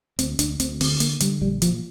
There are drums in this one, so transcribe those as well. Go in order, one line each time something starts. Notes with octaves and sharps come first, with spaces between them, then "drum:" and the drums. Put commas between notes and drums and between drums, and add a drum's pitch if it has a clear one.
D2 C4, drum: hi-hat
D2 D4, drum: hi-hat
D2 C4, drum: hi-hat
D3 C4, drum: open hi-hat
D3 A#3, drum: hi-hat
D3 G3, drum: hi-hat
A#1 G3
A#2 F3, drum: hi-hat